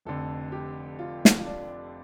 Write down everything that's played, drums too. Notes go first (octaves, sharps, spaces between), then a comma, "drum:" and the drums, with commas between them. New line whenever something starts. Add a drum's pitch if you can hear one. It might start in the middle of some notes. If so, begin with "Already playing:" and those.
F1 F2 D3 A4
G4
F4
drum: snare
F4
D4